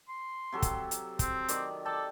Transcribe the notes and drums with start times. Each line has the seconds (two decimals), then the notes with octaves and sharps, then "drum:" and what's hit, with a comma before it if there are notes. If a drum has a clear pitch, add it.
0.09 C6
0.52 C3 F#3 A4
0.62 drum: kick, hi-hat
0.91 drum: hi-hat
1.19 C4, drum: kick, hi-hat
1.48 D#3 D5, drum: hi-hat
1.85 A4 D5 G5 A5